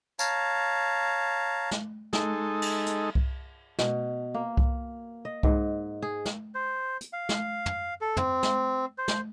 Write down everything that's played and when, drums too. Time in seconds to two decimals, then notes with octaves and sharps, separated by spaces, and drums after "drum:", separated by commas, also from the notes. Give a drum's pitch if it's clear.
0.19 C#5 F5 A5 A#5, drum: tambourine
1.71 drum: snare
2.13 G#3 D#4 A4, drum: snare
2.62 drum: cymbal
2.86 drum: hi-hat
3.15 drum: kick C2
3.79 B2, drum: snare
4.34 A#3
4.57 drum: kick C2
5.25 D#5
5.43 G#2, drum: kick C2
6.02 G#4
6.25 drum: snare
6.55 C5
7.01 drum: hi-hat
7.13 F5
7.29 drum: snare
7.66 drum: tom
8.01 A4
8.17 C4, drum: tom
8.43 drum: snare
8.98 C5
9.08 drum: snare